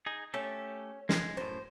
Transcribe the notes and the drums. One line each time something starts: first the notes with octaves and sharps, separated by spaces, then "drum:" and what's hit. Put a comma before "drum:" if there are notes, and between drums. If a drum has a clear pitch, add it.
D#4 G#4
A3 C#4 G4 A4
G#3, drum: snare
F#2 A2 C5